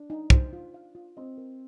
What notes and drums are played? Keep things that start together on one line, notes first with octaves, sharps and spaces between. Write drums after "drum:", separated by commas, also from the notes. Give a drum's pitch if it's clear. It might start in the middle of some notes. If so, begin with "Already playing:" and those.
Already playing: D4
D#4
C5, drum: kick
F4
F5
F4
C4 D#5
A#4